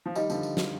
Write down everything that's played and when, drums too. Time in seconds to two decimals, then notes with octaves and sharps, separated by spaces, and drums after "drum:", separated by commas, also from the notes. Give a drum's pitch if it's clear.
0.06 F3
0.15 D#3 G3 D#5, drum: tambourine
0.30 D3 F3, drum: tambourine
0.43 drum: tambourine
0.57 drum: snare